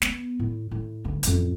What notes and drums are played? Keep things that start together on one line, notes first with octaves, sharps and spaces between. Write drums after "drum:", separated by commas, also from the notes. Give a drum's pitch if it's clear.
B3, drum: snare
A2
A2
D2 G2
A1 F2, drum: hi-hat